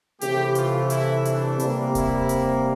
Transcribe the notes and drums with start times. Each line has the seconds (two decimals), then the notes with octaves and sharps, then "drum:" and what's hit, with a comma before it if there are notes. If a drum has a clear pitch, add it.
0.21 C3 E3 A3 G4, drum: hi-hat
0.55 F4, drum: hi-hat
0.90 E4, drum: hi-hat
1.25 D4, drum: hi-hat
1.60 C3 G3 A#3, drum: hi-hat
1.95 E4, drum: kick D#1, hi-hat
2.29 drum: hi-hat